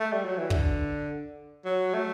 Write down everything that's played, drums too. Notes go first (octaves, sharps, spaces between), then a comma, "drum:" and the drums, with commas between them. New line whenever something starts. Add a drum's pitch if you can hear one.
A3
G3
F#3
E3
D3, drum: kick
F#3
A3